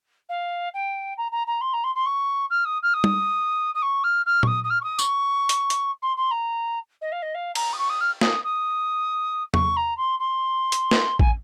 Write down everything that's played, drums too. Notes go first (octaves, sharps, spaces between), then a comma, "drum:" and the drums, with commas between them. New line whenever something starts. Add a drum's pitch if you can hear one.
F5
G5
A#5
A#5
A#5
C6
A#5
C6
C6
C#6
F6
D#6
F6
D#6
drum: tom
D#6
C#6
F6
F6
C#6, drum: tom A#2
D#6
D#6
F6
C#6
D#6
C#6, drum: tambourine
drum: hi-hat
drum: hi-hat
C6
C6
A#5
D#5
F5
D#5
F5
A#5, drum: cymbal
D#6
C#6
D#6
F6
D#6, drum: snare
D#6
C#6, drum: tom E2
A#5
C6
C6
drum: hi-hat
drum: snare
G#5, drum: kick A1